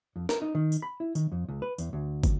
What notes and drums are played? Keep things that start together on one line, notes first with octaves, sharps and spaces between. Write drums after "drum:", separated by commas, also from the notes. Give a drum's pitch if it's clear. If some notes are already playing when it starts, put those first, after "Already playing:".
F2
A#4, drum: snare
D#4
D#3
drum: tambourine
B5
E4
D#3, drum: tambourine
F2
C#2
B4
E2, drum: tambourine
D2
drum: kick, tambourine